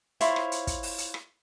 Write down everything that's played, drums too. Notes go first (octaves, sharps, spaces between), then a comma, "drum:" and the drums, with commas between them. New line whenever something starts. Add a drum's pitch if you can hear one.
E4 F4 C5 C#5, drum: hi-hat
drum: rim click
drum: hi-hat
drum: kick, hi-hat
drum: open hi-hat
drum: hi-hat
drum: rim click